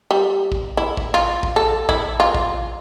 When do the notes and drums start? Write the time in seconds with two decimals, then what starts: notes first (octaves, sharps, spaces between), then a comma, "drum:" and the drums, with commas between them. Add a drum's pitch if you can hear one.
0.11 G3
0.52 drum: kick A1
0.77 E4
0.97 drum: kick A1
1.14 F4
1.43 drum: kick A1
1.56 A4
1.89 E4, drum: kick A1
2.20 F4
2.34 drum: kick A1